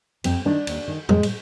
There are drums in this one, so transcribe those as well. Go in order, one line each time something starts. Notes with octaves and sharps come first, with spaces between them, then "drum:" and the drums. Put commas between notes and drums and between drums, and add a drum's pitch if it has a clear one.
F2 C4, drum: cymbal
D#3 D4
D#2, drum: cymbal
D#3
F2 G#3, drum: tom A2
drum: cymbal